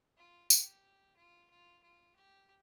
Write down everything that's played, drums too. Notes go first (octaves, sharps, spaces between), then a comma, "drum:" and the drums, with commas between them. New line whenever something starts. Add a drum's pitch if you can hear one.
F4
G4, drum: tambourine
F4
F4
F4
G4